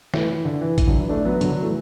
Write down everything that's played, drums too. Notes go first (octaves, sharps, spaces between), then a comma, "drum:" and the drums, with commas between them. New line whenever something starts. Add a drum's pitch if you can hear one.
E3 A3, drum: snare
E3
D3
E3
E3, drum: kick G#1, hi-hat
D3 F#3
E3
A3 D4
F#3 B3
D3 F#3, drum: hi-hat
D3 F#3
E3 A3